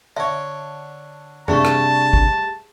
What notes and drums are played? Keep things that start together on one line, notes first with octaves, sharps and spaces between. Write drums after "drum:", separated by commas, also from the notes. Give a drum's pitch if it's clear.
D3 C#5 E5
G2 C3 A3 D4 G#4 A5 C#6, drum: tom F#2
drum: rim click
drum: kick